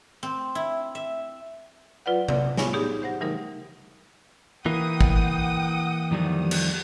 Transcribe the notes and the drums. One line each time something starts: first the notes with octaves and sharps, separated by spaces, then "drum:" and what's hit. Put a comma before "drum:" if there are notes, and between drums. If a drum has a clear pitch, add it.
C4
E4
E5
F#3 F4 B4 D5 F#5
D5, drum: tom C3
A2 B3 F4 C#5 G#5 A#6, drum: snare
B3 D#4 G4 G#4
G4 C5 F#5 A#6
C#3 E3 G3 A3 D#4 A#4
E3 A#3 F#5 G5 D#6
drum: kick
F2 D#3 G3
drum: cymbal